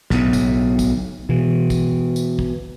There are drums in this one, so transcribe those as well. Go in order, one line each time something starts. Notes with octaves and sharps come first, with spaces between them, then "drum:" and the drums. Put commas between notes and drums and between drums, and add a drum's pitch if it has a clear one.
B1 A2, drum: snare
drum: kick, tambourine
drum: kick, tambourine
B2 E3
drum: kick, tambourine
drum: tambourine
drum: kick